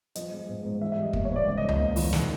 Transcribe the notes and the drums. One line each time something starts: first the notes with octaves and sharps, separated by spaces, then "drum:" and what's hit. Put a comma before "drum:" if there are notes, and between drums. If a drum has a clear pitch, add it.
F3 D#5, drum: hi-hat
G#3
G#2
G#2
E3 E5
E5
G3
D#5
A#3, drum: kick
C#5
G#2 D5
C#3
D#5
F3
D#5, drum: tom C#2
A#3
E2, drum: open hi-hat
D#3, drum: snare